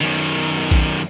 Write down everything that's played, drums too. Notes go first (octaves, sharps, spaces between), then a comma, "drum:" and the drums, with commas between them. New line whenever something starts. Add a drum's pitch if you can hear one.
F#2 D#3
drum: cymbal
drum: cymbal
drum: kick, cymbal